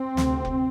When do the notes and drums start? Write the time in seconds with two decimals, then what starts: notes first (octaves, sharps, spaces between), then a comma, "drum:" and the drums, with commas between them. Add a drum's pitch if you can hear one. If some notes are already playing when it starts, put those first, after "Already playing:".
Already playing: C4
0.17 D2 C3, drum: snare
0.45 drum: kick F1